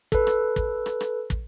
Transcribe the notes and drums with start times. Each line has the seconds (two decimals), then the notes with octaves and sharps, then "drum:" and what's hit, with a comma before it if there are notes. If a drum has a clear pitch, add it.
0.12 A4 B4, drum: kick
0.27 drum: rim click
0.56 drum: kick
0.86 drum: rim click
1.00 drum: rim click
1.30 drum: kick